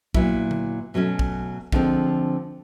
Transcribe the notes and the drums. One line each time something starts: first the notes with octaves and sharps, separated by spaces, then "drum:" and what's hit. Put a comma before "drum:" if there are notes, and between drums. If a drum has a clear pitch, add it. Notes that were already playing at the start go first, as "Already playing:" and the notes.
A#2 F#3 B3 E4, drum: kick
drum: tom D3
B2 F#3 A3 C#4
drum: kick
D3 F3 G#3 C4, drum: kick